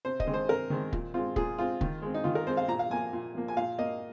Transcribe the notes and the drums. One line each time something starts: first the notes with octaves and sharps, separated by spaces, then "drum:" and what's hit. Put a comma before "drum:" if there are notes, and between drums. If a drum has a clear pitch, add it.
C3 C5
D#5, drum: kick
D#3 G#3 C4
C5
C3 A#4
D#3 G#3 C4
A#2, drum: kick
G#3 C4 F4
A#2 G#4, drum: kick
G#3 C4 F4
D#3, drum: kick
G#3 C4
D#4
D#3 F4
A#4
G#3 C4 C5
F5
A#2 A#5
F5
F3 A#3 G#5
A#2
F3 A#3
G#5
A#2 F5
A#3 D#5